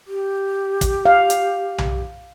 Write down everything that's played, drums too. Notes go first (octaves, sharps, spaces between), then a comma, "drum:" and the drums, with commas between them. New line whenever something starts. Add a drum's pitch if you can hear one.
G4
drum: kick, hi-hat
F5
drum: hi-hat
drum: tom B1